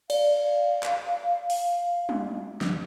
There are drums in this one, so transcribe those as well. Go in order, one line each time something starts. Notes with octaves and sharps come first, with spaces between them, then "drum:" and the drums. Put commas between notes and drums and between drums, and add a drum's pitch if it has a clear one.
D5 F5, drum: cymbal
drum: clap
drum: open hi-hat
drum: tom G3
drum: snare